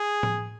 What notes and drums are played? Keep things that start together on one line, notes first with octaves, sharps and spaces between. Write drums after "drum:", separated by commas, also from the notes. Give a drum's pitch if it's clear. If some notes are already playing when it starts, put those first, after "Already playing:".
Already playing: G#4
drum: tom A2